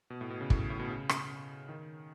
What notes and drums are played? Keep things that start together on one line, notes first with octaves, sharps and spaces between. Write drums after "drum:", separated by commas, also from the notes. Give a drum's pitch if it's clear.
B2
A2
B2
C#3
A2, drum: kick
A2
B2
C#3
drum: rim click
D#3